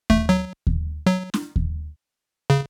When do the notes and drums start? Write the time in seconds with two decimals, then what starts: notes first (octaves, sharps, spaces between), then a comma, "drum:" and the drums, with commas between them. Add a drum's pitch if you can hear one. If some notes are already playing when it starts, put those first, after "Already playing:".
0.10 A3, drum: kick D#2
0.29 F#3
0.67 drum: kick D#2
1.06 F#3
1.34 drum: snare
1.56 drum: kick D#2
2.50 C#3